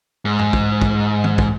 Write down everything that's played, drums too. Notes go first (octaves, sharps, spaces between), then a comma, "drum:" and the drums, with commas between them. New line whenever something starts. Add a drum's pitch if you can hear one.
G#2
drum: tom F2
drum: kick
drum: kick
drum: tom
drum: kick